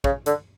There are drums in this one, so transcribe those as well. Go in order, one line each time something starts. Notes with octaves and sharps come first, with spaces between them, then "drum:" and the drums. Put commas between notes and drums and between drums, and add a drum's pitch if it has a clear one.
C#3, drum: kick
D3, drum: hi-hat